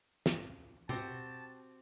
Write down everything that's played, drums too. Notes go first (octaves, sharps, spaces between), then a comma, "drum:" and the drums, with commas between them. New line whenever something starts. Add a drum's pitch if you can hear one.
drum: snare
C4 F#4 G4 A5, drum: tom B2